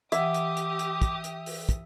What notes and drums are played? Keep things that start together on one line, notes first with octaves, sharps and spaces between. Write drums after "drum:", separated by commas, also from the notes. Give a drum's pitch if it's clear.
E3 G4 E5 F#5 D6 D#6, drum: hi-hat
drum: hi-hat
drum: hi-hat
drum: hi-hat
drum: kick, hi-hat
drum: hi-hat
drum: open hi-hat
drum: kick, hi-hat